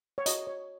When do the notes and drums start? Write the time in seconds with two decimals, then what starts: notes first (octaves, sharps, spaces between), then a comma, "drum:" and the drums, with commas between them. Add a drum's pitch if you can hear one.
0.18 C#5
0.26 F#4 D#5, drum: hi-hat
0.47 C#5